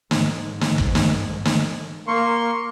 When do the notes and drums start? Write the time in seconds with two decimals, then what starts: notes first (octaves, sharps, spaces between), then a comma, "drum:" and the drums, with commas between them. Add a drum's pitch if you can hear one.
0.11 G#2, drum: snare
0.61 drum: snare
0.78 drum: kick
0.95 drum: snare
1.45 drum: snare
2.07 A#3 C6 C#6